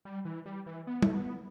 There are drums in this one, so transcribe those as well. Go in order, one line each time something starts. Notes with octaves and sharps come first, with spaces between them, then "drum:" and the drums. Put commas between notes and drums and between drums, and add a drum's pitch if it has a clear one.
G3
E3
G3
E3
B3
A3, drum: tom
B3